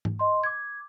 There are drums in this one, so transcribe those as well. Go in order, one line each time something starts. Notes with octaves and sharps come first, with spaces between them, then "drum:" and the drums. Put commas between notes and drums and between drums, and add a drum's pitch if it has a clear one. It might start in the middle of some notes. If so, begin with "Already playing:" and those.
drum: tom G#2
D#5 C6
D6 G#6